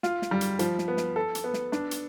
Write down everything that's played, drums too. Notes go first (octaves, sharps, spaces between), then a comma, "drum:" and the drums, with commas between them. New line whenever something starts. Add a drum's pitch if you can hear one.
F4, drum: snare
drum: snare
G3
drum: hi-hat
F3, drum: hi-hat
drum: snare
B3
drum: snare
A4
drum: hi-hat
B3
drum: snare
D4, drum: snare
drum: hi-hat